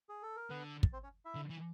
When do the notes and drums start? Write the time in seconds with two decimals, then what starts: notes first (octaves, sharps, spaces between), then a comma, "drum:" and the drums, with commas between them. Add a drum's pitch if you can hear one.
0.09 G#4
0.23 A4
0.36 A#4
0.50 D3 B3 B4
0.83 drum: kick
0.93 C4 C5
1.03 C#4 C#5
1.25 E4 E5
1.35 D3
1.50 E3